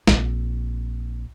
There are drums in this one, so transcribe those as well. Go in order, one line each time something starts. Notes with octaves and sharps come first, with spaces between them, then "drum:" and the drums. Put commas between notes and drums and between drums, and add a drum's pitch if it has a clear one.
A#1 C4, drum: snare